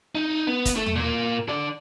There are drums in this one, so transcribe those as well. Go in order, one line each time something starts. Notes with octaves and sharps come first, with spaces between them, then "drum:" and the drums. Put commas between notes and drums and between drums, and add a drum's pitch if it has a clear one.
D#4
B3
drum: kick, hi-hat
A3
drum: tom E2
A#2 A#3
D3 D5